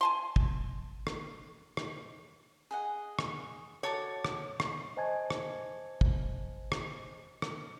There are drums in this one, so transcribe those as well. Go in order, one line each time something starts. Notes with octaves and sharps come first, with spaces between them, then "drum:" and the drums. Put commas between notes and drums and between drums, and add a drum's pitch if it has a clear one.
G#5 A5 C6
drum: kick
drum: rim click
drum: rim click
G#4 D#5 F#5
drum: rim click
F#4 A4 C#5 D6
drum: rim click
drum: rim click
C5 D#5 G#5 A5 G#6
drum: rim click
drum: kick
drum: rim click
drum: rim click